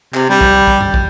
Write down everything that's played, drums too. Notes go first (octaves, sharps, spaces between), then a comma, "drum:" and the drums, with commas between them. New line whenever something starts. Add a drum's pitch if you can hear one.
C3, drum: clap
G3
drum: kick
drum: kick
drum: tom G2
drum: kick